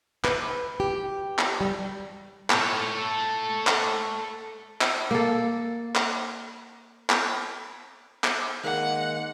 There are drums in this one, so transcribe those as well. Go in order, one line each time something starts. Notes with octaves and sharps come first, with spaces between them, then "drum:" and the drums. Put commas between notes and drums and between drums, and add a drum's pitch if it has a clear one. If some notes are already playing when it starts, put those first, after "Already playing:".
B4, drum: clap
G4
drum: clap
G3
A4 C#5, drum: clap
drum: clap
drum: clap
A#3 A4
drum: clap
drum: clap
drum: clap
D#3 G#3 A#3 F#5